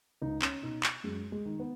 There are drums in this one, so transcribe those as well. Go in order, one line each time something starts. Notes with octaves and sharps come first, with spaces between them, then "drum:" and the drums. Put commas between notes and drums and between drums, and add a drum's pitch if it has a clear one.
C#2 D#4
C#4, drum: clap
B2 D#4
drum: clap
F#2 G#3
G#3
D#3
B3